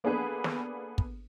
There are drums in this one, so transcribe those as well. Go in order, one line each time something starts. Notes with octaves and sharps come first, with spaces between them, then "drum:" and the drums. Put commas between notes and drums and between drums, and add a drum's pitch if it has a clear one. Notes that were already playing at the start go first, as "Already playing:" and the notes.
A#3 B3 D4 G#4 A4 B4
drum: snare
drum: kick